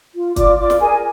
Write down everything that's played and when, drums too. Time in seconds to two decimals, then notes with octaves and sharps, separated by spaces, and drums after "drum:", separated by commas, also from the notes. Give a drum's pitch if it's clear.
0.14 F4
0.36 F4 D5 D6, drum: kick, hi-hat
0.58 F4 D5 D6
0.70 drum: snare
0.81 G#4 A#4 G#5